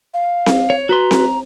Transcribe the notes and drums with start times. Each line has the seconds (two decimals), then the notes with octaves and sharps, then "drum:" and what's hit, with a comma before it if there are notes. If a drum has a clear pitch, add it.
0.14 F5
0.46 drum: snare C4
0.70 C#5
0.89 F#4 B4 A#5 C6
1.11 drum: snare C4